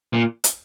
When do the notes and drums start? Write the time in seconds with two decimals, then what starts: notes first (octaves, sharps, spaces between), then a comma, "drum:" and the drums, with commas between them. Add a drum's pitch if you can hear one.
0.13 A#2
0.44 drum: hi-hat